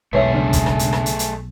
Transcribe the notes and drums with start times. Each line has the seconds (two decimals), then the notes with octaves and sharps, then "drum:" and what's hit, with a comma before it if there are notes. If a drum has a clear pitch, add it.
0.13 B1 B2 G#3 A3 G#4 B4 C#5 E5
0.33 C#3 C#4 D4
0.53 drum: kick, hi-hat
0.66 drum: rim click
0.79 drum: hi-hat
0.93 drum: rim click
1.06 drum: hi-hat
1.19 drum: hi-hat